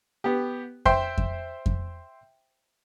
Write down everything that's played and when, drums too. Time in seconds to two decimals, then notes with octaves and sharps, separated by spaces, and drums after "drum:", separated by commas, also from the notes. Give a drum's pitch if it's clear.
0.24 B3 G4
0.85 C5 E5 G5 C6, drum: kick F2
1.18 drum: kick F2
1.66 drum: kick F2